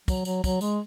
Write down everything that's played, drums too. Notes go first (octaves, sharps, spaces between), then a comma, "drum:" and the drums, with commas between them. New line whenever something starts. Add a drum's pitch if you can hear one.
F#3, drum: kick, tambourine
F#3, drum: tambourine
F#3, drum: kick, tambourine
G#3, drum: tambourine